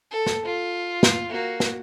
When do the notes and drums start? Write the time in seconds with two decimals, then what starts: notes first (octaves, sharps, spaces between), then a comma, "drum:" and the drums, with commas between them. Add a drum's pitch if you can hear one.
0.11 A4
0.26 drum: snare
0.46 F4
1.03 drum: snare
1.29 A#3 F#4
1.60 drum: snare